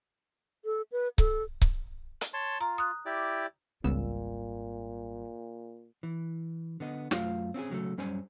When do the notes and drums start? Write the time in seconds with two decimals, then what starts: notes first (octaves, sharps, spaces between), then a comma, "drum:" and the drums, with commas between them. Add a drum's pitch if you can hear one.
0.65 A4
0.92 B4
1.18 A4, drum: kick C#1
1.62 drum: kick C#1
2.21 drum: hi-hat
2.34 C#5 A5 C6
2.61 F4 A#5
2.78 D#6 F#6
3.06 E4 G4 D5
3.84 G#1 C#2 A#2 G3 B3 E6
6.03 E3
6.80 D3 B3 D#5
7.11 F#2 A3 F4 C5 F5, drum: snare
7.54 C4 C#4 F4 G#4
7.70 C#3 F#3 G3 A3
7.98 F#2 G3 C#4 C5 C#5 G#5